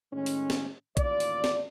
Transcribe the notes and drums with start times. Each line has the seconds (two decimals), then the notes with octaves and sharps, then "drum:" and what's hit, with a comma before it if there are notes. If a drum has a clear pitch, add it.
0.13 A2 D#3 G#3 C#4
0.26 drum: open hi-hat
0.50 drum: snare
0.97 A1 D#2 F4 D5, drum: kick A#1, hi-hat
1.20 drum: open hi-hat
1.44 drum: snare